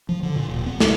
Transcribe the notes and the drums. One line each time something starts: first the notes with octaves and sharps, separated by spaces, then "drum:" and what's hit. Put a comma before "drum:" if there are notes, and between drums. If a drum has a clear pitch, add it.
F3
D3
A#2
D#1
B3
C2, drum: snare